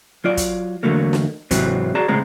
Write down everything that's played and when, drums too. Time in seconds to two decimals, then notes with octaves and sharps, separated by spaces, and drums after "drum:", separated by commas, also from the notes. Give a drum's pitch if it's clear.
0.24 F#3 F4 D5
0.37 drum: kick, hi-hat
0.83 E2 D3 F#3 A3 A#3
1.13 drum: snare
1.51 G#2 C3 E3 F#3 C4, drum: kick, hi-hat
1.95 F#4 G#4 D5 A5 A#5
2.08 C#2 A2 G#3 C4 A#5